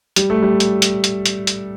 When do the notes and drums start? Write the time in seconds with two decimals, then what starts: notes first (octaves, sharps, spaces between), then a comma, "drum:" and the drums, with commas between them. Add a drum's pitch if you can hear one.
0.16 G3, drum: hi-hat
0.30 A3
0.43 G3
0.60 drum: hi-hat
0.82 drum: hi-hat
1.04 drum: hi-hat
1.26 drum: hi-hat
1.47 drum: hi-hat